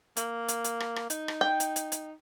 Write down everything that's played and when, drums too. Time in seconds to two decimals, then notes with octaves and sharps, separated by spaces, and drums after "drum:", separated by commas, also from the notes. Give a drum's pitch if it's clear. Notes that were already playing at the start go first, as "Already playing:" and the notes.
0.17 A#3, drum: hi-hat
0.49 drum: hi-hat
0.64 drum: hi-hat
0.80 drum: rim click
0.96 drum: rim click
1.10 D#4, drum: hi-hat
1.28 drum: rim click
1.41 G5
1.60 drum: hi-hat
1.76 drum: hi-hat
1.92 drum: hi-hat